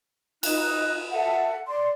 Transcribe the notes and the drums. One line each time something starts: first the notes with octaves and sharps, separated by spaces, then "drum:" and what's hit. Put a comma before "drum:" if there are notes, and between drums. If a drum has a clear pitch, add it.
D#4 F#6, drum: cymbal
A4 E5 F#5
D5 C6